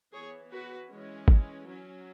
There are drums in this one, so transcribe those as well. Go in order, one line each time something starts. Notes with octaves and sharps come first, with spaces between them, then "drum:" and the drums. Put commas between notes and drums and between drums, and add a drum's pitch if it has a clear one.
E3 B3 G#4 C#5
F#4 B4
E3 G#3 C#4
drum: kick
F#3 C#4